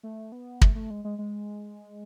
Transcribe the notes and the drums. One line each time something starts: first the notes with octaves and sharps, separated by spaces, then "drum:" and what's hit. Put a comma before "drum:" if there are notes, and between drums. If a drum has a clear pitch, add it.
A3
B3
A3, drum: kick
A3
G#3
G#3
G#3